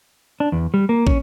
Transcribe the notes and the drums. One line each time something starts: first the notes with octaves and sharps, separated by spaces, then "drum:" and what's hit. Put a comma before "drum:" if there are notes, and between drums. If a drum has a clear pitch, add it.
D4
E2
G3
A#3
C#4, drum: kick